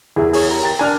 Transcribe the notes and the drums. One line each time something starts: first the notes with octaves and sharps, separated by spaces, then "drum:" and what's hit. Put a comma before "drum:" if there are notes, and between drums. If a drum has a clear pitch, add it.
E2 G#4 A#4 E5
G#4 C#5, drum: open hi-hat
G4 A#4 A#5
G5 A6
D4 A#4 G#5 F6